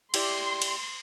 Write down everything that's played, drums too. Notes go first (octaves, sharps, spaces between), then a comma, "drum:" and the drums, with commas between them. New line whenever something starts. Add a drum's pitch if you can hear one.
E4 G4 D5 C6, drum: cymbal
drum: cymbal